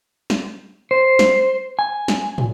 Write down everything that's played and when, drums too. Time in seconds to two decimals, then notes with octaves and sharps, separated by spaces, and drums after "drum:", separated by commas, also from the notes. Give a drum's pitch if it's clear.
0.30 drum: snare
0.91 C5
1.19 drum: snare
1.79 G#5
2.08 drum: snare
2.38 drum: tom